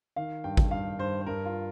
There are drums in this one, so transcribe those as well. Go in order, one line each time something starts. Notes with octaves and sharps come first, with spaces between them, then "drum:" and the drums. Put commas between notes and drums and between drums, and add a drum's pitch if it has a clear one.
D#3 F5
G2 G5
drum: kick G#1
G2 F5
G2 C5
C5
G2 A#4
F4